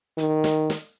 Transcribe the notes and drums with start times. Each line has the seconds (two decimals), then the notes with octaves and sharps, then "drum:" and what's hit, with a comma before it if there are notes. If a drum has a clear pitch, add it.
0.18 D#3, drum: hi-hat
0.44 drum: snare
0.70 drum: snare